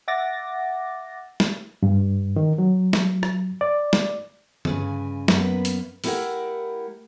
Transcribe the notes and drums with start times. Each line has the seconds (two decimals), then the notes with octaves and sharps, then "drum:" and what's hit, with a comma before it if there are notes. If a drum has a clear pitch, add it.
0.08 E5 F#5 D6 A6 A#6
1.40 drum: snare
1.83 G2
2.36 D#3
2.58 F#3
2.93 drum: snare
3.23 drum: rim click
3.61 D5
3.93 drum: snare
4.65 G2 C#3 G#5, drum: tom D3
5.28 F#2 A#3 B3 B4, drum: snare
5.65 drum: hi-hat
6.04 A3 E4 G4 A#4 F#5, drum: open hi-hat